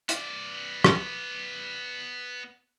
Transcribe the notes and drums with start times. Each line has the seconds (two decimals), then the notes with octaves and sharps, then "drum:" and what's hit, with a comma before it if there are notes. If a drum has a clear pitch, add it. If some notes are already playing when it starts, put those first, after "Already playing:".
0.09 B3 D5, drum: hi-hat
0.84 drum: rim click